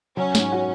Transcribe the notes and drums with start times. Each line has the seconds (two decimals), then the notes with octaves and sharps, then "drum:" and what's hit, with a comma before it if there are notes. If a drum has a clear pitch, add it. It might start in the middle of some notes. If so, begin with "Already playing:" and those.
0.17 F#3 C#4
0.35 G#2, drum: snare
0.52 F#4